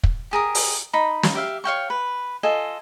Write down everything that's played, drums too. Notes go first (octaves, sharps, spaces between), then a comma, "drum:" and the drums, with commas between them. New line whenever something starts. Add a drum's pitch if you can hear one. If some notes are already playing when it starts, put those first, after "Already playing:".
drum: kick
G4 G#4 A#4 D#6
drum: open hi-hat
D#4 B5
drum: snare
G4 E5 F5
C#5 F5 G5 C#6
B4
F4 A4 D#5 G#5